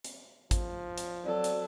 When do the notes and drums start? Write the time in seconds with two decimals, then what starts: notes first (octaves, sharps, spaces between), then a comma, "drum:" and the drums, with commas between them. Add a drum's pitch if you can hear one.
0.05 drum: hi-hat
0.51 F3, drum: kick, hi-hat
0.98 drum: hi-hat
1.24 F#3 C4 F#4 A4 D5
1.44 drum: hi-hat